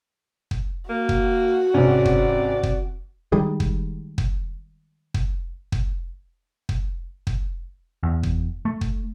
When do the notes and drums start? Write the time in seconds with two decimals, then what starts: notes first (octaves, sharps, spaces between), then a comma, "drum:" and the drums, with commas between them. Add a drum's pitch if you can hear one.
0.51 drum: kick
0.90 A#3 F#4
1.09 drum: kick
1.74 G#1 C3 C#4 D5
2.05 drum: kick
2.63 drum: kick
3.32 D#3 G3 G#3
3.60 drum: kick
4.18 drum: kick
5.14 drum: kick
5.72 drum: kick
6.69 drum: kick
7.27 drum: kick
8.03 E2
8.23 drum: kick
8.65 A3
8.81 drum: kick